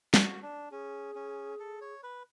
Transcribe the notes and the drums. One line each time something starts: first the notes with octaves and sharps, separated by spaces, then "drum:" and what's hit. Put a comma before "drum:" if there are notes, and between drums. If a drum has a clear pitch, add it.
F#4, drum: snare
D4
C#4 G#4
C#4
A4
C#5
B4